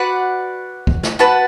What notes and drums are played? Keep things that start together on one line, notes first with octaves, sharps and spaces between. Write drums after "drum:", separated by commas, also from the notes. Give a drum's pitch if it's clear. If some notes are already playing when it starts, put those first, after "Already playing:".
Already playing: F#4 B4 D5 F#5
drum: kick
drum: snare
F#4 B4 F#5 A5